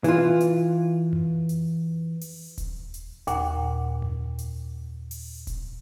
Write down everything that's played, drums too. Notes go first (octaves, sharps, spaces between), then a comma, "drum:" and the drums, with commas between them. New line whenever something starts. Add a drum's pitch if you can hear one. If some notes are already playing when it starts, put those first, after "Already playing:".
E3 F4, drum: hi-hat
drum: hi-hat
drum: tom F2
drum: hi-hat
drum: open hi-hat
drum: kick D#1, hi-hat
drum: hi-hat
D#2 A#2 F#5, drum: hi-hat
drum: tom F2
drum: hi-hat
drum: open hi-hat
drum: kick D#1, hi-hat